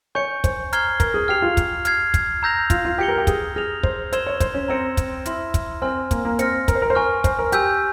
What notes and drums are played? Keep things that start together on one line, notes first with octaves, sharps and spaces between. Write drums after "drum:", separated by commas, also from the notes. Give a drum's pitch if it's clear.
C#5 G#5 C#6 G6 C#7
C5, drum: kick, hi-hat
A#5 F6 G#6 C7 G7, drum: hi-hat
A#4, drum: kick, hi-hat
G#4
G4 F6 C7 F7
F4
drum: kick, hi-hat
F6 G#6 C7, drum: hi-hat
drum: kick, hi-hat
A#5 E6 G6 A#6 F7
F4, drum: kick, hi-hat
F4
G4 G6 C#7 G7
A#4
G4
G#4, drum: kick, hi-hat
G#4 F6 A#6 F7
C5, drum: kick
C5 C6 E6 G#6 E7 G7, drum: hi-hat
C#5
C5, drum: kick, hi-hat
C#4
C4 A#5 E6 A#6 C#7 E7
drum: kick, hi-hat
E4 C6 F6 A#6, drum: hi-hat
drum: kick, hi-hat
C4 G#5 C6 F6
A#3, drum: kick, hi-hat
A#3
C4 F6 A#6 C#7, drum: hi-hat
A#4, drum: kick, hi-hat
C5
A#4
C5
A#4 G#5 C#6 F6
C5, drum: kick, hi-hat
A#4
G4 G#5 E6 G6, drum: hi-hat